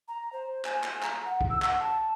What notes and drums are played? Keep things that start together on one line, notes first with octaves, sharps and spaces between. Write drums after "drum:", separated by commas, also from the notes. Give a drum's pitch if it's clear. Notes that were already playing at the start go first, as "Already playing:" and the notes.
A#5
C5
G#5, drum: clap
drum: clap
A#5, drum: clap
F#5
drum: kick
E6
F#5, drum: clap
A5